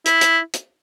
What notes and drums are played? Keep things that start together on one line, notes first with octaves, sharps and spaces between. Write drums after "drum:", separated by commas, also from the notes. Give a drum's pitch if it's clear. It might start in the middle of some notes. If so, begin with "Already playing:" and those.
E4, drum: hi-hat
drum: hi-hat
drum: hi-hat